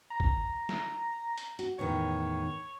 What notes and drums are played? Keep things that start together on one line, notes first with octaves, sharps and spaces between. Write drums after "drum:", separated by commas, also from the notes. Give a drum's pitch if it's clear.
A#5
drum: kick G#1
drum: snare
drum: hi-hat
F#4, drum: hi-hat
E2 A2 D#3 C#5